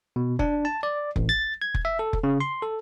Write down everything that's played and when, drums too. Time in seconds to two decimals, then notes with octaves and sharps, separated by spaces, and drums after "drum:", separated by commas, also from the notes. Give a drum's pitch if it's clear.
0.16 B2
0.39 D4, drum: kick F1
0.65 A5
0.83 D5
1.16 A1, drum: kick F1
1.29 A6
1.62 G#6
1.74 drum: kick F1
1.85 E5
1.99 A4
2.13 drum: kick F1
2.24 C#3
2.40 C6
2.62 A4